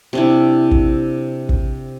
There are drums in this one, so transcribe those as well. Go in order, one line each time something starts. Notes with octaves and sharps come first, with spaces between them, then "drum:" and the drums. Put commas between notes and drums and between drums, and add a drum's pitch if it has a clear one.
C3 D4 E4
drum: kick
drum: kick